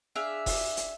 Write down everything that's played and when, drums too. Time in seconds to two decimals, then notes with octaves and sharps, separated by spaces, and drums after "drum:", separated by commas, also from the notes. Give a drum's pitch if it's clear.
0.16 D4 G#4 E5 F5
0.46 drum: kick F1, open hi-hat
0.77 drum: hi-hat